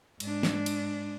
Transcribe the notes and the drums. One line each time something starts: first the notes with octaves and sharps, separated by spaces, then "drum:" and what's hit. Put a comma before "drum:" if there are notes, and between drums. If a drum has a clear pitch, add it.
G#2 D4, drum: cymbal
drum: snare
drum: cymbal